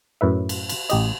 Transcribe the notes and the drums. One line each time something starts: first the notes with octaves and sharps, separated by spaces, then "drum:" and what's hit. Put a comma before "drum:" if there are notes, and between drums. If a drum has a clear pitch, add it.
F#2 A2 B4 E5
drum: cymbal
drum: cymbal
A1 G4 D#5, drum: cymbal